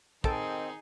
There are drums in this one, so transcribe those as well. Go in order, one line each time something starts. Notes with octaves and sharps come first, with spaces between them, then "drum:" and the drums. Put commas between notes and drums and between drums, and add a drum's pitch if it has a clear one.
D#3 C4 D#4 G#4 A4 A5 D7, drum: kick